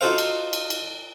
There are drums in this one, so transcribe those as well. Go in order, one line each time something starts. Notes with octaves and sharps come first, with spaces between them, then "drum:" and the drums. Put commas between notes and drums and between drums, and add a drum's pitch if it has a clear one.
D#4 F4 F#4 A4 C5 F5
drum: cymbal
drum: cymbal
drum: cymbal